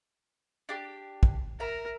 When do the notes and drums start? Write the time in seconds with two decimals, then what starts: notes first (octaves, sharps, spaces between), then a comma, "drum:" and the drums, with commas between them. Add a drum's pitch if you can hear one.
0.69 D4 G4
1.23 drum: kick
1.60 A#4 E5 A#5